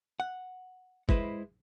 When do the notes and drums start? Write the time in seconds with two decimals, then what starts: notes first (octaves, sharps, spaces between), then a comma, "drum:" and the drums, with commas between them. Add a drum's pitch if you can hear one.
0.20 F#5
1.09 G#3 E4 B4 C5, drum: kick